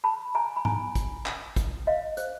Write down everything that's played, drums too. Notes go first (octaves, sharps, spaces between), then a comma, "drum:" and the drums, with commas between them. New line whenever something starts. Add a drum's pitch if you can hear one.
A5 B5
G#5 A#5
B5
G#5 A#5, drum: tom G#2
drum: kick, hi-hat
drum: clap
drum: kick, hi-hat
D#5 F5
C5, drum: hi-hat